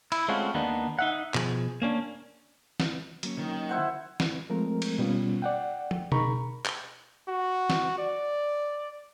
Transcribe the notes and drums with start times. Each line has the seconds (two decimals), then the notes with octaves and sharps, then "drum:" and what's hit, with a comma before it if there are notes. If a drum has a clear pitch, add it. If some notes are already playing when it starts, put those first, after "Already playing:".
0.12 E4, drum: cymbal
0.28 G#3 A3 C4 C#4 F4 F#4
0.54 D#2 D#3 A#3 B3 D4 D#4
0.99 D#4 E5 F#5
1.34 B2 F3 G#4, drum: clap
1.82 A#3 C#4 D4
2.80 drum: snare
3.23 F#3 A#3 C#4, drum: hi-hat
3.38 D#3
3.69 E4 C5 F#5
4.20 drum: snare
4.50 F3 G#3 A3 C4 A#4
4.82 drum: cymbal
4.98 B2 G3 B3 C#4 F4
5.42 D5 F#5 G5
5.91 drum: tom
6.12 D#4 G#4 A#4 A#5 B5 C#6, drum: tom B2
6.66 drum: clap
7.28 F#4
7.70 drum: snare
7.98 D5